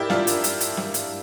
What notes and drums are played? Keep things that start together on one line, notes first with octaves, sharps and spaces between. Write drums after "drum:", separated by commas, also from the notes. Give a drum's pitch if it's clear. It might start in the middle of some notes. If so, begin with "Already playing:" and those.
Already playing: E4 G4 A#4 D5
D4 F4, drum: snare
drum: hi-hat
drum: hi-hat
drum: hi-hat
drum: snare
drum: hi-hat